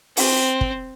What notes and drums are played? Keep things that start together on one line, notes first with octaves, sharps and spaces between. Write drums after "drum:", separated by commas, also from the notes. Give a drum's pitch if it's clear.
C4, drum: open hi-hat
drum: kick